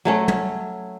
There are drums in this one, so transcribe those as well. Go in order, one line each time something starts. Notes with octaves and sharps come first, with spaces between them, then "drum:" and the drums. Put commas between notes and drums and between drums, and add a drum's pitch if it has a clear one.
F#3 A3 C#4
drum: tom